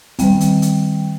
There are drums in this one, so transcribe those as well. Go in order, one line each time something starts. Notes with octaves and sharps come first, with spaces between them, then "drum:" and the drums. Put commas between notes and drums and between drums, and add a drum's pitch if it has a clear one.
D#3 G3 C4 G5, drum: kick, hi-hat
drum: hi-hat
drum: hi-hat